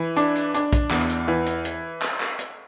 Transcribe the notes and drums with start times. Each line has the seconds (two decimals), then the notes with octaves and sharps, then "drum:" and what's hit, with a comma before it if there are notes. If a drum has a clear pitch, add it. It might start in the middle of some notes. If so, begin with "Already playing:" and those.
Already playing: E3
0.17 D4, drum: hi-hat
0.36 drum: hi-hat
0.54 D4, drum: hi-hat
0.73 drum: kick, hi-hat
0.91 E2, drum: clap
1.09 drum: hi-hat
1.28 E3
1.46 drum: hi-hat
1.65 drum: hi-hat
2.02 drum: clap
2.20 drum: clap
2.39 drum: hi-hat